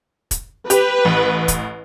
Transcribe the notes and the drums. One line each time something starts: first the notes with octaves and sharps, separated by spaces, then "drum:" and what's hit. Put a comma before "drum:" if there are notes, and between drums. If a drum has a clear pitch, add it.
drum: kick E1, hi-hat
G4 B4, drum: hi-hat
A1
drum: kick E1, hi-hat